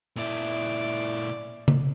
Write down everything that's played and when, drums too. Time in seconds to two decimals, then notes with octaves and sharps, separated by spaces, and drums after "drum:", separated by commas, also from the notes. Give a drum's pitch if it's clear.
0.16 A#2 E4 D5
1.68 drum: tom C#3